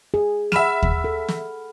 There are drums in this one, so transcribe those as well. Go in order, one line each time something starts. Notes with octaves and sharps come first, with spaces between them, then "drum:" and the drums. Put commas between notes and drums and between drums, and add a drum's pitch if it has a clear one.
G#4
E5 F#5 B5 F6 E7, drum: snare
drum: kick D#2
A4
drum: snare